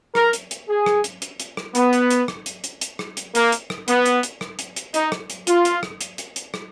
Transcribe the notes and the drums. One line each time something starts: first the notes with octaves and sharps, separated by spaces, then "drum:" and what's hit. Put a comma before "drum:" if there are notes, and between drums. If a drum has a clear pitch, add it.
A#4, drum: rim click
drum: hi-hat
drum: hi-hat
G#4
drum: rim click
drum: hi-hat
drum: hi-hat
drum: hi-hat
drum: rim click
B3, drum: hi-hat
drum: hi-hat
drum: hi-hat
drum: rim click
drum: hi-hat
drum: hi-hat
drum: hi-hat
drum: rim click
drum: hi-hat
A#3, drum: hi-hat
drum: hi-hat
drum: rim click
B3, drum: hi-hat
drum: hi-hat
drum: hi-hat
drum: rim click
drum: hi-hat
drum: hi-hat
D#4, drum: hi-hat
drum: rim click
drum: hi-hat
F4, drum: hi-hat
drum: hi-hat
drum: rim click
drum: hi-hat
drum: hi-hat
drum: hi-hat
drum: rim click